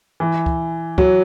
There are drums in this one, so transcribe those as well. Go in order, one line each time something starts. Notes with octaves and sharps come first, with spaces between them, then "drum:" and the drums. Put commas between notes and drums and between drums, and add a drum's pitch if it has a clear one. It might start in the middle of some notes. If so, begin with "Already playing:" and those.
E3
drum: kick
F#3, drum: kick